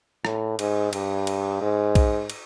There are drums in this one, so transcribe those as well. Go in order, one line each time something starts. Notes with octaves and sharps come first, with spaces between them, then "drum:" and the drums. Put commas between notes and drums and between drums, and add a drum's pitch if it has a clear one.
A2, drum: rim click
G#2, drum: cymbal
G2, drum: cymbal
drum: cymbal
G#2
drum: kick B1, cymbal
drum: cymbal